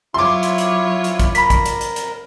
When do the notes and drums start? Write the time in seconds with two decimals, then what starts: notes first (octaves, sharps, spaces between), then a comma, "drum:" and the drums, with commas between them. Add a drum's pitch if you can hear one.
0.14 F#3 E4 F4 C#5 C6 D6
0.43 drum: hi-hat
0.58 drum: hi-hat
1.04 drum: hi-hat
1.20 drum: kick, hi-hat
1.35 A#4 B5 B6, drum: hi-hat
1.50 drum: kick, hi-hat
1.66 drum: hi-hat
1.81 drum: hi-hat
1.96 drum: hi-hat